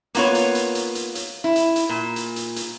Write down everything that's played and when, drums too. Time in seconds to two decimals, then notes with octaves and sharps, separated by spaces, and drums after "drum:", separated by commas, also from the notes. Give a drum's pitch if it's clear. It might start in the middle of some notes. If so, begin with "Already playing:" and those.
0.15 A#3 B3 F4 B4 C#5, drum: hi-hat
0.35 drum: hi-hat
0.55 drum: hi-hat
0.75 drum: hi-hat
0.95 drum: hi-hat
1.15 drum: hi-hat
1.44 E4
1.56 drum: hi-hat
1.76 drum: hi-hat
1.89 A#2
2.16 drum: hi-hat
2.36 drum: hi-hat
2.56 drum: hi-hat